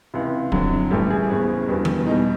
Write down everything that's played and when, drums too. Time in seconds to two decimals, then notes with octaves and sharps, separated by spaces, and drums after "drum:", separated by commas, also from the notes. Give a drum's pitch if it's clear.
0.14 C#2 C3 E3
0.52 F2 D3 F#3, drum: kick
0.90 A1 A2 E3 G3 A4
1.10 G#4
1.29 F#1 E2 C#3
1.68 E1 E2 B2 G3
1.85 drum: tom E3
2.06 E2 B2 G3 D#4